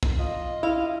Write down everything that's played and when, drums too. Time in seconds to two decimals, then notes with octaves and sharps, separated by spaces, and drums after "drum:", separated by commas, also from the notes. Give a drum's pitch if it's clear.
0.03 drum: kick
0.19 F4 D#5
0.63 E4 F5